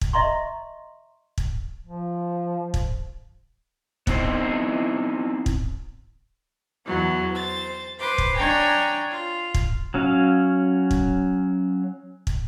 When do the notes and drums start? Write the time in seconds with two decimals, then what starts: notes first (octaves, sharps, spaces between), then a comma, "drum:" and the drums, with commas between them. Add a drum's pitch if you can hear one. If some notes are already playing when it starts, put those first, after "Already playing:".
0.01 drum: kick
0.13 D#5 E5 A#5 C6 C#6
1.38 drum: kick
1.87 F3
2.74 drum: kick
4.07 B3 C4 D#4 E4 C5, drum: kick
5.46 drum: kick
6.86 E2 F#3 B3
7.33 C5 A6
7.98 B4 C5 C6 D6
8.18 drum: kick
8.35 D4 C#5 G5 G#5 A#5
9.09 F4
9.54 drum: kick
9.94 F#3 C#4 F5
10.91 drum: kick
12.27 drum: kick